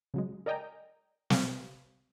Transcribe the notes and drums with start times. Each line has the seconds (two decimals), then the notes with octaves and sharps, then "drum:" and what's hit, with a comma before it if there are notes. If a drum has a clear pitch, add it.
0.14 C#3 F#3 G#3
0.46 A#4 D5 D#5 G5 G#5 A#5
1.30 drum: snare